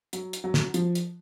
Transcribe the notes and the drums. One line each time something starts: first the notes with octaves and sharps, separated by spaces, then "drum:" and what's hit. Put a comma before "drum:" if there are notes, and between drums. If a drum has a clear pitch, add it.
F#3, drum: hi-hat
drum: hi-hat
F#3
drum: snare
F3, drum: hi-hat
drum: hi-hat